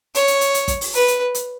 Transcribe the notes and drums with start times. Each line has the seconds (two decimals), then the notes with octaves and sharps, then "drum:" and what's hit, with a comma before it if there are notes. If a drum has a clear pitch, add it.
0.15 C#5, drum: hi-hat
0.28 drum: hi-hat
0.41 drum: hi-hat
0.54 drum: hi-hat
0.68 drum: kick, hi-hat
0.81 drum: open hi-hat
0.94 B4, drum: hi-hat
1.08 drum: hi-hat
1.35 drum: hi-hat